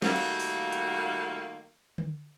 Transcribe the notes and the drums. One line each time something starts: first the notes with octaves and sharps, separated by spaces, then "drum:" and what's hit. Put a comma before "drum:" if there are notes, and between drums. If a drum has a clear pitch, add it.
D#3 G3 A3 A#3 F4 F#4, drum: snare
drum: cymbal
drum: open hi-hat
drum: hi-hat
drum: tom D3